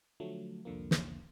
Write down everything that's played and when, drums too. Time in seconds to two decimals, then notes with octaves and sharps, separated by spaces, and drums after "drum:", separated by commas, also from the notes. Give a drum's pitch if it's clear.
0.20 D3 F3 F#3 A3
0.65 C2 F2 D3 F3 A#3
0.91 drum: snare